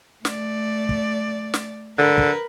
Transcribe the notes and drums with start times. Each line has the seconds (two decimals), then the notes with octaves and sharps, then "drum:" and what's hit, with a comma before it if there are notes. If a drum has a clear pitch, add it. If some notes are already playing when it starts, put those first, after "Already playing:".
0.25 A3 D5, drum: snare
0.89 drum: kick
1.54 drum: snare
1.99 D3 A#4 B4
2.18 drum: kick